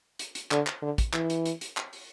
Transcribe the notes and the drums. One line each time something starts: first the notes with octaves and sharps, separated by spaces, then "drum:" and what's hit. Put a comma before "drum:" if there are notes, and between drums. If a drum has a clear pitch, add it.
drum: hi-hat
drum: hi-hat
D3, drum: clap
drum: clap
D3
drum: kick, hi-hat
E3, drum: clap
drum: hi-hat
drum: hi-hat
drum: hi-hat
drum: clap
drum: open hi-hat